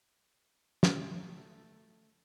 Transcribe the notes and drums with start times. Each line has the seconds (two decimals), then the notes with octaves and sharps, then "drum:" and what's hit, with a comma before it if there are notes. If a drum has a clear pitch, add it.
0.83 A3, drum: snare